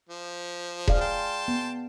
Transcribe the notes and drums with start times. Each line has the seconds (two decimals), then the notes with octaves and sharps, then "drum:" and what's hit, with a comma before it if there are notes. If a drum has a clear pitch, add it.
0.09 F3
0.88 G#4 D5 F5, drum: kick E1
1.01 G5 A5 C6
1.48 B3